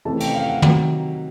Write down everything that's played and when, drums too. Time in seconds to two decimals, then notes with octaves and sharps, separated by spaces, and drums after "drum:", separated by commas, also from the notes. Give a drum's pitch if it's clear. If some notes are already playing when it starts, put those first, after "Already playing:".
0.05 C3 E3 A3 C#4 A5
0.20 G5, drum: cymbal
0.34 F5
0.49 F#5
0.62 C3 D#3 F#3, drum: tom